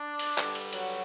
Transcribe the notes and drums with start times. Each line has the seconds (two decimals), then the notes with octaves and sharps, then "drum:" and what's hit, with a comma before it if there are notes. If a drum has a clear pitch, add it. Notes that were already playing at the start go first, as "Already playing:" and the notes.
Already playing: D4
0.19 drum: cymbal
0.38 G2 D3 G3, drum: clap
0.55 drum: cymbal
0.73 F#3 F#4, drum: cymbal